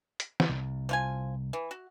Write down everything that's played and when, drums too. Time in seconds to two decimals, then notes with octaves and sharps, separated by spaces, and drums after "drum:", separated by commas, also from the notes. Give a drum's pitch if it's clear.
0.20 drum: hi-hat
0.40 drum: snare
0.49 C2
0.89 F3 F4 G#5
1.53 E3
1.71 F#4